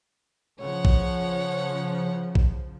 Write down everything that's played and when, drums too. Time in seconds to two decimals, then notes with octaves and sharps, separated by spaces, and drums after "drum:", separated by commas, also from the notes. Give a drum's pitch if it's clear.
0.60 C#3 F3 C#5 F#5
0.85 drum: kick
2.35 drum: kick